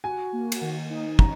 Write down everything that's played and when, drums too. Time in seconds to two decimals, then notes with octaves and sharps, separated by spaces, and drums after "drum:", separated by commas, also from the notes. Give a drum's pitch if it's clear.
0.04 F#4 G#5
0.33 A#3
0.52 drum: cymbal
0.61 D#3
0.90 D#4
1.19 C#4 A#5, drum: kick